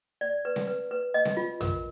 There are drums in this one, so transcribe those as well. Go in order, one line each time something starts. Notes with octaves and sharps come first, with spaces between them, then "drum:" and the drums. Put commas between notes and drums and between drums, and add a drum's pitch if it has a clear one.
D5
B4
drum: snare C4
B4
B4
D#5
drum: snare C4
F4
A#4, drum: tom